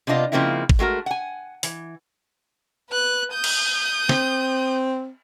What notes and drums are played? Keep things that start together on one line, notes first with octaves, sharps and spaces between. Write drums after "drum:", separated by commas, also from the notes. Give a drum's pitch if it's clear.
C3 B3 D4 F4 D#5
C#3 F3 A#3 C4 D#4 E4
drum: kick G#1
G#3 A3 F#4 A#4
F#5 G#5
E3, drum: open hi-hat
B4 F#6
D#6 G6
drum: cymbal
C4, drum: snare